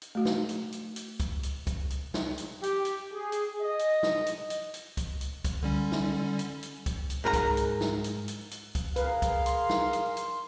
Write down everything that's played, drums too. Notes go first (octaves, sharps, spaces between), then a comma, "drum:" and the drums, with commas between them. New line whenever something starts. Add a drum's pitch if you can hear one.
drum: hi-hat
A3 F#4
drum: snare
drum: hi-hat
drum: hi-hat
drum: hi-hat
drum: kick, hi-hat
drum: hi-hat
drum: kick, hi-hat
drum: hi-hat
drum: snare
drum: hi-hat
G4, drum: hi-hat
drum: hi-hat
G#4
drum: hi-hat
D#5
drum: hi-hat
drum: snare
drum: hi-hat
drum: hi-hat
drum: hi-hat
drum: kick, hi-hat
drum: hi-hat
drum: kick, hi-hat
D3 G3 C#4
drum: snare
drum: hi-hat
drum: hi-hat
drum: kick, hi-hat
drum: hi-hat
G#2 A#4 B4 A#5
drum: kick, hi-hat
drum: hi-hat
drum: snare
drum: hi-hat
drum: hi-hat
drum: hi-hat
drum: kick, hi-hat
G#4 A#4 B4 F5, drum: hi-hat
drum: kick, hi-hat
C6, drum: hi-hat
drum: snare
drum: hi-hat
drum: hi-hat